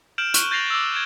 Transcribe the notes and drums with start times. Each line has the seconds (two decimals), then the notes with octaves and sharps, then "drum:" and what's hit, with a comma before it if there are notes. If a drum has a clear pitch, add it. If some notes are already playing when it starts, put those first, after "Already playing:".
0.18 F6 G6 D7 E7 F#7
0.34 C#6 F#6 D#7 E7 G7, drum: hi-hat
0.51 G6 A6 A#6 C7 F7 F#7
0.70 D6 E6
0.92 G#6 D7 E7 G7